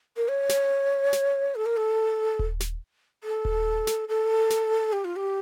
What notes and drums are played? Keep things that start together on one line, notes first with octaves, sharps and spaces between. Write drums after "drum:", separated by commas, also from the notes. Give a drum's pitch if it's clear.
A#4
C#5
drum: snare
drum: snare
A4
A#4
A4
drum: kick D#1
drum: snare
A4
drum: kick D#1
drum: snare
A4
drum: snare
G4
F4
G4